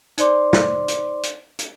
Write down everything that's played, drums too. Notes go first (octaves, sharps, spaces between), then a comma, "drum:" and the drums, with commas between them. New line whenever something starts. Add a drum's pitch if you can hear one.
D#4 C5 D5 C6 D6, drum: hi-hat
drum: snare
drum: hi-hat
drum: hi-hat
drum: hi-hat